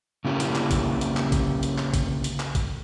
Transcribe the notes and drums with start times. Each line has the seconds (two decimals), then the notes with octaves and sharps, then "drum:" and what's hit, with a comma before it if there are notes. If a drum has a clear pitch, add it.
0.25 C#3 A#3 C#4 E4 G4
0.40 drum: hi-hat
0.55 drum: clap
0.71 drum: kick, hi-hat
1.01 drum: hi-hat
1.17 drum: clap
1.32 drum: kick, hi-hat
1.63 drum: hi-hat
1.78 drum: clap
1.94 drum: kick, hi-hat
2.24 drum: hi-hat
2.40 drum: clap
2.55 drum: kick, hi-hat